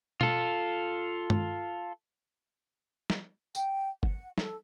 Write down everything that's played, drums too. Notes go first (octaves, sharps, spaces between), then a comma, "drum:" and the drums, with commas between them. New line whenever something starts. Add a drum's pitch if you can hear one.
F4 A4, drum: tom B2
drum: tom
drum: snare
G5, drum: tambourine
F#5, drum: kick
A4, drum: snare